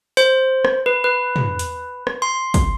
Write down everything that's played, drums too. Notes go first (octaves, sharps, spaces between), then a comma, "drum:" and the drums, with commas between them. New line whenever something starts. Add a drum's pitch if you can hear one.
C5, drum: hi-hat
drum: rim click
B4
B4
drum: tom
drum: hi-hat
drum: rim click
C6
drum: kick, hi-hat